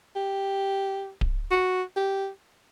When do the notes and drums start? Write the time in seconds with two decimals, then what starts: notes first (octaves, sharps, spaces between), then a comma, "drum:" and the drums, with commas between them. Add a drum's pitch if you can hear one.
0.16 G4
1.21 drum: kick D1
1.51 F#4
1.96 G4